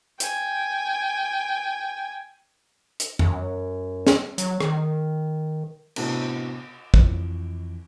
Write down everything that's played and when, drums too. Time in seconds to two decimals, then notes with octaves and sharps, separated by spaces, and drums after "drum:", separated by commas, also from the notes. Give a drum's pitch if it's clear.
0.20 G5 G#5, drum: hi-hat
3.00 drum: hi-hat
3.19 F#2, drum: tom F2
4.07 drum: snare
4.38 F#3, drum: hi-hat
4.60 D#3, drum: rim click
5.96 A2 C3 B3 D4 F#4, drum: cymbal
6.94 F2 E3, drum: kick